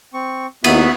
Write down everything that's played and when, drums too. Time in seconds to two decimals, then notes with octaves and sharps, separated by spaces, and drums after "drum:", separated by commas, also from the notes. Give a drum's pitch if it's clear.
0.14 C4 C#6
0.64 D#2 B3 D#4 E4 F#4 B4 E5, drum: cymbal